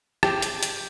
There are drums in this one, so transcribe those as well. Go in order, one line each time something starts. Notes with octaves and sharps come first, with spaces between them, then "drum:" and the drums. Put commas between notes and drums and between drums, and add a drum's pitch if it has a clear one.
G4, drum: rim click
drum: hi-hat
drum: hi-hat